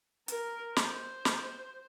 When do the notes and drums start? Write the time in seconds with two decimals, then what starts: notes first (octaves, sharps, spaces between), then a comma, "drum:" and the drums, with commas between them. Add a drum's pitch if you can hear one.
0.28 A#4, drum: hi-hat
0.76 C5, drum: snare
1.25 drum: snare